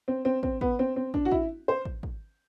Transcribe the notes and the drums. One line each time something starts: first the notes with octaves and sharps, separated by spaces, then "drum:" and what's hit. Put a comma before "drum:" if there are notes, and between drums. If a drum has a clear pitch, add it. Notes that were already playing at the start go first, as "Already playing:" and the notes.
C4
C4
C4, drum: kick
B3, drum: kick
C4
C4
D4, drum: kick
F#4
E4, drum: kick
C5
drum: kick
drum: kick